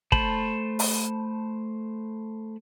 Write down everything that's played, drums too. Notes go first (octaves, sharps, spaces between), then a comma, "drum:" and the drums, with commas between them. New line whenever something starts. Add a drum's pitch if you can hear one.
A3 C5 A5 B5, drum: kick
drum: open hi-hat